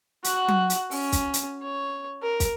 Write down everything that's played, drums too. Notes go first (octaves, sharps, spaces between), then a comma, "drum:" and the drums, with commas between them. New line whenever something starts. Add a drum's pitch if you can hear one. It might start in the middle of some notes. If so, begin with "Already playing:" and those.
F#4 F#5, drum: hi-hat
drum: tom F#3
drum: hi-hat
C#4, drum: open hi-hat
drum: kick, hi-hat
drum: hi-hat
C#5
A#4
drum: kick, hi-hat